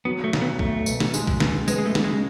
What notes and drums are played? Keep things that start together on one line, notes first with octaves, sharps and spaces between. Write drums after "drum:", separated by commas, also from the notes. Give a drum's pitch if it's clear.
F#3 B3
A3
B1, drum: snare
B3
B1 A3, drum: kick B1
B2, drum: tambourine
drum: snare
G#3, drum: tambourine
drum: kick B1
C#2, drum: snare
G#3 B3, drum: tambourine
G#3
A3
C#3, drum: snare
G#3